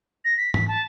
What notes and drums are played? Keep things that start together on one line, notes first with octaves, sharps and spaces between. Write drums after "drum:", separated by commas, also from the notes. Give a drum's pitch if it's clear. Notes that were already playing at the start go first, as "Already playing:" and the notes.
A#6
B6
B6, drum: tom
A5